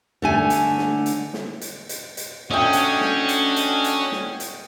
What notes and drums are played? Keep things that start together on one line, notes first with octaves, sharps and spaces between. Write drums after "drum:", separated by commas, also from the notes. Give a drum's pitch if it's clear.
D3 A3 G#5
drum: hi-hat
drum: snare
drum: hi-hat
drum: snare
drum: hi-hat
drum: hi-hat
drum: hi-hat
A3 C#4 D4 F#4 D#5 E5 G5
drum: hi-hat
drum: snare
drum: hi-hat
drum: hi-hat
drum: hi-hat
drum: snare
drum: hi-hat